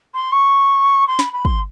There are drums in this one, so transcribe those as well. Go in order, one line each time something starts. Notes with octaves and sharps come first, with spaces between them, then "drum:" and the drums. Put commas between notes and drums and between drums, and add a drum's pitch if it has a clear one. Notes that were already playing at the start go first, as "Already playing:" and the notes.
C6
C#6
C6
B5, drum: snare
B5
C6, drum: kick